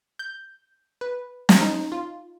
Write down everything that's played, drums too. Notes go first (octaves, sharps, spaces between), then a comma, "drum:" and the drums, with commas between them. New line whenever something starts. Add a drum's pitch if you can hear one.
G6
B4
drum: snare
D#4
F4